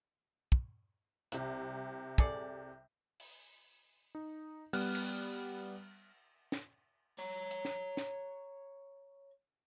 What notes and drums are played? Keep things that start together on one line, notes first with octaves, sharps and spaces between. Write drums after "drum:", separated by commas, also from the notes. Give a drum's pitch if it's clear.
drum: kick
C2 C3, drum: hi-hat
G#4 A4 D5, drum: kick
drum: open hi-hat
D#4
G3 B3 F6 F#6, drum: cymbal
drum: cymbal
drum: snare
C#5 A#5
drum: hi-hat
drum: snare
drum: snare